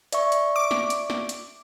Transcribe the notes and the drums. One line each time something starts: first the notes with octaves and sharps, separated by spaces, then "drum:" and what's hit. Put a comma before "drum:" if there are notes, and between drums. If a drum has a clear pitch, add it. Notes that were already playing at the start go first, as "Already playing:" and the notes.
D5 E5 C#6, drum: hi-hat
drum: hi-hat
D6
drum: snare
drum: hi-hat
drum: snare
drum: hi-hat